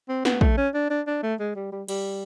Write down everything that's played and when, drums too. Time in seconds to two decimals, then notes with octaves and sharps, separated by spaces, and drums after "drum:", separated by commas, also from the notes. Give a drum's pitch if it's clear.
0.09 C4
0.25 B3, drum: snare
0.41 A3, drum: kick
0.57 C#4
0.74 D4
0.90 D4
1.07 D4
1.23 A3
1.40 G#3
1.56 G3
1.72 G3
1.88 G3, drum: cymbal